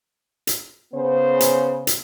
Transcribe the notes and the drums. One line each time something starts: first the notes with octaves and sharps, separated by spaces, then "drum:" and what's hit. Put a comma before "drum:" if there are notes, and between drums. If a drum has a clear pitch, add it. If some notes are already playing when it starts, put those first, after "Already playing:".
drum: hi-hat
C#3 B3 C5
drum: hi-hat
drum: hi-hat